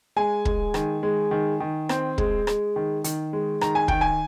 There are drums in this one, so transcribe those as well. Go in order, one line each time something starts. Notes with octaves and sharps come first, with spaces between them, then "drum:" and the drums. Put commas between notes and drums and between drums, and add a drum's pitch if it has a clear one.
G#3 G#5
G#3, drum: kick
D#3, drum: rim click
G#3
D#3
D#3
C4, drum: rim click
G#3, drum: kick
G#3, drum: rim click
D#3
D#3, drum: hi-hat
G#3
D#3 A#5, drum: rim click
G#5
D#3 G5, drum: kick
G#5